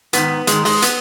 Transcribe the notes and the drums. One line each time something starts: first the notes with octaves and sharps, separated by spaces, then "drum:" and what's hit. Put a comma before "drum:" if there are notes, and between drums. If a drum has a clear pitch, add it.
G#2 D#3 B3, drum: hi-hat
G#2 D#3 G#3, drum: hi-hat
G#3, drum: open hi-hat
B3, drum: hi-hat